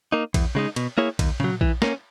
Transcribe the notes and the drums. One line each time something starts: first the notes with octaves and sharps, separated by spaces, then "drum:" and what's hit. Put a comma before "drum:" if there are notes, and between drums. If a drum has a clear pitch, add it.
A#3 D#4
E2, drum: kick A#1, cymbal
C#3 G#3 D#4
B2, drum: cymbal
A#3 E4 G#4 C#5
D#2, drum: kick A#1, cymbal
C#3 F#3, drum: tom A#2
E3, drum: kick A#1
A#3 C#4, drum: snare